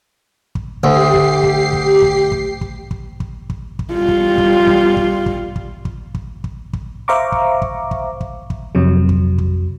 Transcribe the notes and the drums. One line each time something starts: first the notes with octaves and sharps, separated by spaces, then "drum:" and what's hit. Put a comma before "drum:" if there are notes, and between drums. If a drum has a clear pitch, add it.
drum: kick
D2 G4 C7, drum: kick
drum: kick
drum: kick
drum: kick
drum: kick
drum: kick
drum: kick
drum: kick
drum: kick
drum: kick
drum: kick
G3 F4
drum: kick
drum: kick
drum: kick
drum: kick
drum: kick
drum: kick
drum: kick
drum: kick
drum: kick
drum: kick
C5 E5 F5 A#5 C#6 D6
drum: kick
drum: kick
drum: kick
drum: kick
drum: kick
F2 C3 F#3
drum: kick
drum: kick